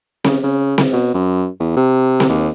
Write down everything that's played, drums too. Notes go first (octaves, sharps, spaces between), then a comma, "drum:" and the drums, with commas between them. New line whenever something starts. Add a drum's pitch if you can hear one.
C#3, drum: snare C4
C#3
drum: snare C4
B2
F#2
E2
C3
drum: snare C4
D#2